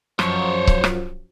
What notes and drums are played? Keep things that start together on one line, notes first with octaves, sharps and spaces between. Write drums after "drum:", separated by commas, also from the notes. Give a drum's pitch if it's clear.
F#2 F3 F#3 C5 C#5, drum: rim click
drum: kick C#1
drum: rim click